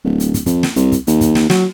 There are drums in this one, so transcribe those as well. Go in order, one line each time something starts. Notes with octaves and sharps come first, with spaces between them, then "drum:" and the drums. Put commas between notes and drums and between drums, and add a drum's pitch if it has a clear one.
D1
drum: hi-hat
drum: kick, hi-hat
F2, drum: kick, hi-hat
drum: snare
C2, drum: hi-hat
drum: kick, hi-hat
D#2, drum: hi-hat
drum: kick, hi-hat
drum: snare
F#3, drum: snare